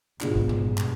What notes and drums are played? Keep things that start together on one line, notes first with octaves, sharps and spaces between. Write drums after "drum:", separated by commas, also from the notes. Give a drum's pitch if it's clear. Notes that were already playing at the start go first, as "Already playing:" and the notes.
G#2 B2 G#3 D4 F4, drum: clap
drum: kick G#1
drum: tom A#2
G2
drum: clap